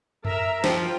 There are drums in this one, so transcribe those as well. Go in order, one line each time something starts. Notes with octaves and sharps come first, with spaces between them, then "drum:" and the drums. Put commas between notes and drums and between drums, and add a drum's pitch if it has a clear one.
A#4 E5 A#5, drum: tom F#2
F3 F4 G5, drum: snare